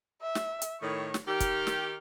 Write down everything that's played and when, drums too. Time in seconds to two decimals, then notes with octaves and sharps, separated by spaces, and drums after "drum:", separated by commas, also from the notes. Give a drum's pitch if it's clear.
0.22 E5
0.35 drum: snare
0.62 drum: hi-hat
0.81 A2 D#3 C#5
1.14 drum: snare
1.28 D#3 G4 F6
1.40 drum: kick, hi-hat
1.67 drum: snare